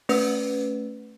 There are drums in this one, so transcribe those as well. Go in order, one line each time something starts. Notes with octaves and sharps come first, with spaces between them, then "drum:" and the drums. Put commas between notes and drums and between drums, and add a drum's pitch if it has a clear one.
A3 C#4 B4, drum: open hi-hat